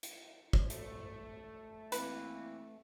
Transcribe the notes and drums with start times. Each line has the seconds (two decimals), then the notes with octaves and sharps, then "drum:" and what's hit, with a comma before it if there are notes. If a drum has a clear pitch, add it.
0.03 drum: hi-hat
0.53 drum: kick
0.70 A3, drum: hi-hat
1.92 E3 A#3 C4 B4, drum: hi-hat